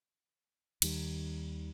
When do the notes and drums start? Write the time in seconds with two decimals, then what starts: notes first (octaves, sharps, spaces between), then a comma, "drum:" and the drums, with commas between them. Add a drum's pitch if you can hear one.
0.82 D#2 D#3 G3, drum: cymbal